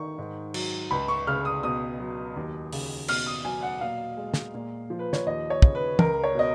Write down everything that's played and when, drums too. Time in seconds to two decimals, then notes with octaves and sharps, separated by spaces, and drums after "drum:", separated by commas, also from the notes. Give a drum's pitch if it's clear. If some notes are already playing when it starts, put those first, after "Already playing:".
Already playing: D#3 C#6
0.18 G#2
0.54 F#3, drum: cymbal
0.91 C#2 B5
1.08 C#6
1.27 C#3 F6
1.45 D#6
1.63 B2 D#6
2.00 F#3
2.36 D#2
2.73 C#3, drum: open hi-hat
3.08 B2 F6, drum: cymbal
3.26 D#6
3.45 F#3 G#5
3.63 F#5
3.81 A#2 F5
4.17 G#3
4.34 drum: snare
4.54 A#2
4.90 F3
4.99 B4
5.13 C#5, drum: snare
5.26 D#2 D#5
5.50 C#5
5.62 C#3, drum: kick
5.75 B4
5.99 C#2 A#4, drum: tom
6.24 C#5
6.35 B2 D#5